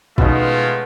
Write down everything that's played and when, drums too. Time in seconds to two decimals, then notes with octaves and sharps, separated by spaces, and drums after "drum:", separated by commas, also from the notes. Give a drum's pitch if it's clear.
0.18 B2 D#3 G#3 A3 B3 C#4 F4 D#5, drum: kick